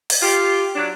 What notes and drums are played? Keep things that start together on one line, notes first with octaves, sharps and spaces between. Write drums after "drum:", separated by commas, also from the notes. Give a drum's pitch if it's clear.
drum: open hi-hat
F4 G4
F#3 D4